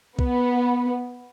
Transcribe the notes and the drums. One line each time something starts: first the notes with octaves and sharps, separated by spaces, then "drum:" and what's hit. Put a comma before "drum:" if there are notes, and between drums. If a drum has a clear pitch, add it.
B3, drum: kick